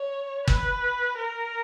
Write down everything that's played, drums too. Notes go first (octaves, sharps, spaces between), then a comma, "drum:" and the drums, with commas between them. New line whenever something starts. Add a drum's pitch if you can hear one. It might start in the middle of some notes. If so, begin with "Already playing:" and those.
Already playing: C#5
B4, drum: kick
A#4